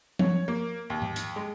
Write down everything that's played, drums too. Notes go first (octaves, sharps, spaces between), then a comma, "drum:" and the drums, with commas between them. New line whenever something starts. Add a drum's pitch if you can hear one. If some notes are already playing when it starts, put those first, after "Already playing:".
C#5, drum: tom F3
A#3
D#2
drum: tom G#2
drum: hi-hat
G#3